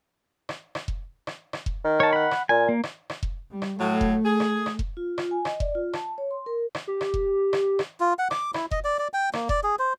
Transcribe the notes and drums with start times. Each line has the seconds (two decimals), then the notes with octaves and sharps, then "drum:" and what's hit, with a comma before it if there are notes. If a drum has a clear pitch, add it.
0.49 drum: rim click
0.75 drum: rim click
0.88 drum: kick F1
1.27 drum: rim click
1.53 drum: rim click
1.66 drum: kick F1
1.84 D#3
2.00 C#5 A5
2.13 F#5 B5
2.31 drum: rim click
2.49 A#2 G#5
2.69 A#3
2.83 drum: rim click
3.10 drum: rim click
3.23 drum: kick F1
3.50 G3
3.62 drum: rim click
3.80 A2 F#3 A3
4.01 drum: kick F1
4.25 G#4
4.40 drum: rim click
4.66 drum: rim click
4.79 drum: kick F1
4.97 F4
5.18 F4, drum: rim click
5.31 G#5
5.45 D#5, drum: rim click
5.60 D5, drum: kick F1
5.75 F4
5.93 A5, drum: rim click
6.18 C#5
6.31 C6
6.46 A#4
6.75 drum: rim click
6.87 G4
7.01 drum: rim click
7.14 drum: kick F1
7.53 drum: rim click
7.79 drum: rim click
8.00 F4
8.19 F#5
8.31 D6, drum: rim click
8.54 E4, drum: rim click
8.71 D#5, drum: kick F1
8.84 D5
8.99 D5
9.14 G5
9.33 A#3, drum: rim click
9.49 D5, drum: kick F1
9.63 G#4
9.79 C5